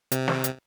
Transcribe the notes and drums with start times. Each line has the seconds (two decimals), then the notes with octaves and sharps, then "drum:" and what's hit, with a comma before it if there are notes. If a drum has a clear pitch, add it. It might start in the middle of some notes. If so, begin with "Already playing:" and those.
0.12 C3, drum: hi-hat
0.28 drum: snare
0.44 drum: hi-hat